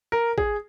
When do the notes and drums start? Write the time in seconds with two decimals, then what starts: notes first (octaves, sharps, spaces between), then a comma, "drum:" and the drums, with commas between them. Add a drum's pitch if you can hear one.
0.12 A#4
0.38 G#4, drum: kick